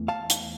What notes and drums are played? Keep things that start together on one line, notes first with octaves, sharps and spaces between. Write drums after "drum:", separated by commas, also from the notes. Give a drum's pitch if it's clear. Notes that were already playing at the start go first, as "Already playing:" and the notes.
Already playing: E2 E3 A3
F5 A5
drum: hi-hat